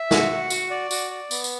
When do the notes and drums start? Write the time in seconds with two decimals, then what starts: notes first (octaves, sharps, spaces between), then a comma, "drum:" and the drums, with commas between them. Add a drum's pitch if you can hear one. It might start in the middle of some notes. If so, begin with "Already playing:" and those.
Already playing: E5
0.11 F#4, drum: snare
0.31 F#5
0.50 F#4, drum: tambourine
0.70 D5
0.91 F#4, drum: tambourine
1.11 D5
1.31 B3, drum: tambourine
1.44 drum: tambourine